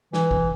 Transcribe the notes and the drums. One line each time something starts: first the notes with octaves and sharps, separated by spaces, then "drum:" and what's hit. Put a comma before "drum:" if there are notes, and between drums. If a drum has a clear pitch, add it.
E3, drum: snare
drum: kick G#1